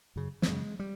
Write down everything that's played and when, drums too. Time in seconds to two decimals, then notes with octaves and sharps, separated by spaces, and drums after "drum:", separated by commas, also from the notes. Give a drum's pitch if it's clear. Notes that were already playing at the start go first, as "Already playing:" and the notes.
0.16 F#2 C#3
0.42 A3, drum: snare
0.47 F#2 C#3 G#3
0.79 G3